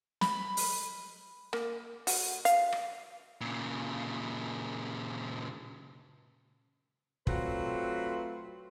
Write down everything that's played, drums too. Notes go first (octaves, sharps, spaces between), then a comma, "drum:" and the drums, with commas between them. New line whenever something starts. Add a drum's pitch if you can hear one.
B5, drum: snare
drum: open hi-hat
A#3, drum: rim click
F#4, drum: open hi-hat
F5, drum: hi-hat
drum: rim click
A#2 C#3
F#3 A3 C4 F4 B4, drum: kick